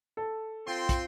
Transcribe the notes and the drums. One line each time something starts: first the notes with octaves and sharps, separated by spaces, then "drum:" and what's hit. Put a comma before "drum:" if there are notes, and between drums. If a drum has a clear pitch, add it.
A4
C4 F4 G5 C6
drum: kick, hi-hat